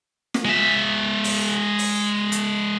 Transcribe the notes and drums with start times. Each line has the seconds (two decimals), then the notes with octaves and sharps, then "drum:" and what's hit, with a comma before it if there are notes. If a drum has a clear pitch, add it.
0.34 drum: snare
0.45 G#3 E5
1.24 drum: open hi-hat
1.79 drum: open hi-hat
2.32 drum: hi-hat